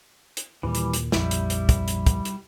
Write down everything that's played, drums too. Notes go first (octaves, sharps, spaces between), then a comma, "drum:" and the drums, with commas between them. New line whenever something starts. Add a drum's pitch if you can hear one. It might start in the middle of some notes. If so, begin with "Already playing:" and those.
drum: hi-hat
D#2 A#2 E3 G3
drum: hi-hat
drum: hi-hat
A#1 F2 G3 E4, drum: snare
drum: hi-hat
drum: hi-hat
drum: kick, hi-hat
drum: hi-hat
drum: kick, hi-hat
drum: hi-hat